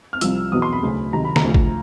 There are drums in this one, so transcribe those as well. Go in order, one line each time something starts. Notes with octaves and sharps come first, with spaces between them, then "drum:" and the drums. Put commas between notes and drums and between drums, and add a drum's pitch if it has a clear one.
F6
C2 C3 F3 E6, drum: hi-hat
E1 E2 B2 F#3 D#6
C6
B5
D2 C#3 F#3
C#2 C3 D#3 F#3 A#5
B5
A#5, drum: snare
D2 C#3 F3
drum: kick